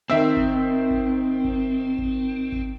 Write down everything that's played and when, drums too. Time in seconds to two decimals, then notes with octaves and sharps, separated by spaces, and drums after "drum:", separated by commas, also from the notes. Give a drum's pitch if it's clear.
0.10 D#3 C4 E5 E6
0.37 drum: kick G#1
0.90 drum: kick G#1
1.44 drum: kick G#1
1.98 drum: kick G#1
2.52 drum: kick G#1